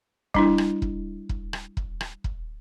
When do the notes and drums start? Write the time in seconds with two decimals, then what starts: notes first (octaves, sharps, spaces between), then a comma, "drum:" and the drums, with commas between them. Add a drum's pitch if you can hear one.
0.34 G3 D4 E4, drum: kick
0.58 drum: rim click
0.82 drum: kick
1.29 drum: kick
1.53 drum: rim click
1.77 drum: kick
2.01 drum: rim click
2.24 drum: kick